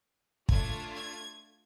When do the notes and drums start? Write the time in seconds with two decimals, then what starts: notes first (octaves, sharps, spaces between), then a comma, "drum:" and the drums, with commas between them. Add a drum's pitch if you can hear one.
0.49 A3 D4 F4 G#6, drum: kick
0.94 G#6